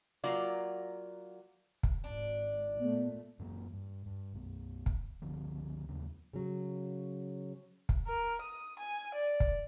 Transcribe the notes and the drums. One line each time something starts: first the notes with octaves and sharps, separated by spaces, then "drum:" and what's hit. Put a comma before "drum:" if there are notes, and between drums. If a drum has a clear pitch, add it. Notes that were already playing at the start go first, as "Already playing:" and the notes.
F#3 A#3 F4 D5
drum: kick
G#1 D4
A#2 A3 B3
F#2 E3 G#3 A#3
G2
G2
B1 F#2
drum: kick
C#2 D3 F3
D#2 C#3 F#3 D4
C#3 F#3
drum: kick
A#4
D#6
G#5
D5
drum: kick